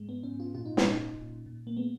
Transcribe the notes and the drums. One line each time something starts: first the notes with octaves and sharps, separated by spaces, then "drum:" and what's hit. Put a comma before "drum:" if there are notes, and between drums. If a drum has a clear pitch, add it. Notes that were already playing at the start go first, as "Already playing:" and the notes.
Already playing: G#2 G#3
B3
G#2 C#4
F4
A#2 F4
D#4
C#4, drum: snare
A#2 D#4
A#2
A#2
A#3
G#3 B3